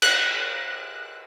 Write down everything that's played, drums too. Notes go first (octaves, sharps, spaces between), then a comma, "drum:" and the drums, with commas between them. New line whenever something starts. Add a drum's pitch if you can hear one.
F#6, drum: cymbal